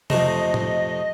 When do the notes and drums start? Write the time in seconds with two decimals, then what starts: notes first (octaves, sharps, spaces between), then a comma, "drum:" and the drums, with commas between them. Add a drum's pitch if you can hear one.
0.10 F2 C3 A3 D#5, drum: tom C3
0.54 drum: tom A2